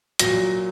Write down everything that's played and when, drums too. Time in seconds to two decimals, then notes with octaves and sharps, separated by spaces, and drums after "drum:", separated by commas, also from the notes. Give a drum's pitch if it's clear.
0.19 A#2 F#3 A#6, drum: hi-hat